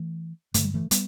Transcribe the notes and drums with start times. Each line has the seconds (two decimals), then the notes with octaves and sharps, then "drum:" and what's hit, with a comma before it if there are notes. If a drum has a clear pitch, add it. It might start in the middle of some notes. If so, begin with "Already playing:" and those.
Already playing: E3 A3
0.54 G2 D3 A3, drum: hi-hat
0.64 G3
0.74 E3 A3
0.91 G3 B3, drum: hi-hat